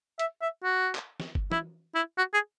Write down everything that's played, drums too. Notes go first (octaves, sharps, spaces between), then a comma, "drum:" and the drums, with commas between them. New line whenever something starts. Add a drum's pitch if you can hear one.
E5, drum: hi-hat
E5
F#4
drum: clap
drum: snare
drum: kick F#1
E4, drum: tom
E4
F#4
G#4